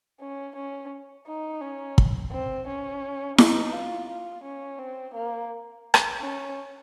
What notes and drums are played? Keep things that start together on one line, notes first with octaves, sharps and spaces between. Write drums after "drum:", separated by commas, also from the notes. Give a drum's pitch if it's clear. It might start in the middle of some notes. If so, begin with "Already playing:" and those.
C#4
C#4
D#4
C#4
drum: kick
C4
C#4
D#4, drum: snare E4
F4
F4
C#4
C4
A#3
drum: rim click
C#4